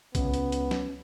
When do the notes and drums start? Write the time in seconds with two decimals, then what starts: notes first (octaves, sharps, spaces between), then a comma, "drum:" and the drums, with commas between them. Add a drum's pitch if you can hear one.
0.15 C#2 B3 C#4, drum: kick B1, hi-hat
0.34 drum: hi-hat
0.52 drum: hi-hat
0.71 drum: snare